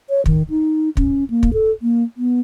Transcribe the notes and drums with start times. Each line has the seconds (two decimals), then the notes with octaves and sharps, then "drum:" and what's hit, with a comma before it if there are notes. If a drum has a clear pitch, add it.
0.10 C#5
0.26 D#3, drum: kick
0.50 D#4
0.97 C#4, drum: kick
1.30 A#3
1.43 drum: kick
1.53 A4
1.82 A#3
2.17 B3